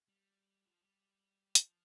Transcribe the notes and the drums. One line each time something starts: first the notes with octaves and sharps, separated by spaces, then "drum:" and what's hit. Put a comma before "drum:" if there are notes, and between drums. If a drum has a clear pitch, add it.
G3
F3
G3
F3, drum: hi-hat